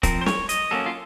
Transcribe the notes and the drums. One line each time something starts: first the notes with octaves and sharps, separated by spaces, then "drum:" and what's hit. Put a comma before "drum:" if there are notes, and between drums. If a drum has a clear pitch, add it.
F3 C4 A#4, drum: kick, hi-hat
C5
C#5, drum: snare
D#5, drum: hi-hat
F#3 A#3 C#4 A4
F4